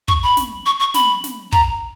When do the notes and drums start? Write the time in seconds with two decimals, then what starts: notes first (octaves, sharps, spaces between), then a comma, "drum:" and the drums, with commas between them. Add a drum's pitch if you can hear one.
0.08 C#6, drum: kick
0.23 B5
0.37 drum: snare
0.66 C#6
0.80 C#6
0.94 B5, drum: snare
1.24 drum: snare
1.52 A#5, drum: kick